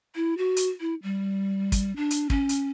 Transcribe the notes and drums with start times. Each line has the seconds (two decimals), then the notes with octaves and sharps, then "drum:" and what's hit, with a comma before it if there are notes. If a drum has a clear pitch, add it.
0.15 E4
0.38 F#4
0.57 drum: hi-hat
0.80 E4
1.03 G3
1.72 drum: kick, hi-hat
1.96 D4
2.11 drum: hi-hat
2.30 C#4, drum: kick
2.49 drum: hi-hat